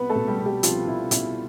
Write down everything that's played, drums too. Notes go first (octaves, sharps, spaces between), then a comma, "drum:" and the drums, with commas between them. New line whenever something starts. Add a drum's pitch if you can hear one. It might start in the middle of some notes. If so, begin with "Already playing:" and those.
Already playing: C2 B3 B4
A3 A4
B2
G3 G4
B2
G3 G4
C2 F3 F4, drum: hi-hat
C2 E4
B2 E4, drum: hi-hat